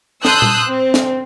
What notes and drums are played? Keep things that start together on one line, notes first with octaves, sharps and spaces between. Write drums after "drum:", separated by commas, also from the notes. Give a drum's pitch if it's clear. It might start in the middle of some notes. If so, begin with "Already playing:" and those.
A5 C6 D#6 E6 F#6 G6, drum: snare
drum: tom A#2
C4
drum: snare